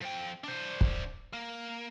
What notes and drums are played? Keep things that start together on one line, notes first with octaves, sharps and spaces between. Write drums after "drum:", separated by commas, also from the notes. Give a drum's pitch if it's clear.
F3 G5
D4 C5
drum: kick
A#3